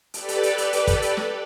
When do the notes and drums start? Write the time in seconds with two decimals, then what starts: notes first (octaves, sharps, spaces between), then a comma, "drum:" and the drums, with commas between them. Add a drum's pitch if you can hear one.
0.14 G4 A4 B4 D5, drum: hi-hat
0.28 drum: hi-hat
0.43 drum: hi-hat
0.58 drum: hi-hat
0.73 drum: hi-hat
0.87 drum: kick, hi-hat
1.02 drum: hi-hat
1.17 drum: snare